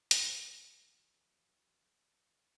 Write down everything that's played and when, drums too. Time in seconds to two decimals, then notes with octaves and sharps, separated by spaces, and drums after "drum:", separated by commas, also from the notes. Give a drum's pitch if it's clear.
0.11 drum: hi-hat
0.21 D#2 E3 F#3